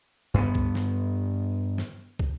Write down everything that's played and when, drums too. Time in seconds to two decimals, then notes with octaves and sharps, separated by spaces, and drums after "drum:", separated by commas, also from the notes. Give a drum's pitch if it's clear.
0.34 G2 B3
0.55 drum: kick
0.75 drum: snare
1.78 drum: snare
2.19 drum: kick